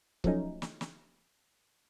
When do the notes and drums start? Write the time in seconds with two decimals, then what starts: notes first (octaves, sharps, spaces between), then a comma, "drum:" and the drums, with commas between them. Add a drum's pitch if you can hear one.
0.24 F3 F#3 A3 C#4 D#4, drum: kick C#1
0.62 drum: snare
0.81 drum: snare